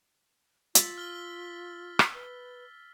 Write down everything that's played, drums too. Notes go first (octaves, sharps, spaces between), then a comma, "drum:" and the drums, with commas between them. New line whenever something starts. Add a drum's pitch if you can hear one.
F4 E6 A6 B6, drum: hi-hat
F6 G7
drum: rim click
B4